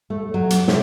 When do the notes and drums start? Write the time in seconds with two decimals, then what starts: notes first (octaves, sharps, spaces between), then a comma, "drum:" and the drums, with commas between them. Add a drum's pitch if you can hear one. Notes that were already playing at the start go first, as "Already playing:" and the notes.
0.10 A3
0.34 F#3
0.50 drum: hi-hat
0.68 C3, drum: snare